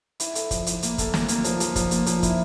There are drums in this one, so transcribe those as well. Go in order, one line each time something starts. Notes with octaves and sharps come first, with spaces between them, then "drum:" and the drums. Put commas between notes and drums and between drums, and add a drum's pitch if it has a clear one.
E4, drum: hi-hat
A4, drum: hi-hat
F3, drum: kick, hi-hat
E4, drum: hi-hat
A#3, drum: hi-hat
A4, drum: kick, hi-hat
A#3, drum: snare
A#3, drum: hi-hat
F3, drum: hi-hat
F3, drum: hi-hat
F3, drum: kick, hi-hat
A#3, drum: hi-hat
F3, drum: hi-hat
E4, drum: kick, hi-hat